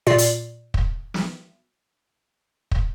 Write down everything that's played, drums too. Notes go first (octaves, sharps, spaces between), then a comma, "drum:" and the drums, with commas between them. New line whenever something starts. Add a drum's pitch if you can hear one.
A#2 F4 D5 C7
drum: hi-hat
drum: kick
drum: snare
drum: kick